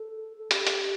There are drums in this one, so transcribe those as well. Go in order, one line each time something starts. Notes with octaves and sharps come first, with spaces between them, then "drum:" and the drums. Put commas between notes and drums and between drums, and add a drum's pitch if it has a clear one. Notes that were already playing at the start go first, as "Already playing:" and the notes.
Already playing: A4
A4
G4, drum: hi-hat
drum: hi-hat